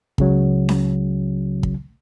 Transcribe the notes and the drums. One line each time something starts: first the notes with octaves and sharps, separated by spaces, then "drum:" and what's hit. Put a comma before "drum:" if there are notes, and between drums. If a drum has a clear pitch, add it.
C#2 C#3 F#3, drum: kick
drum: snare C#4
drum: kick